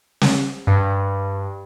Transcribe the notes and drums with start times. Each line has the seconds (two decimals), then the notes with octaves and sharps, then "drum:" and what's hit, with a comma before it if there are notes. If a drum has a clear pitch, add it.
0.21 drum: snare
0.67 G2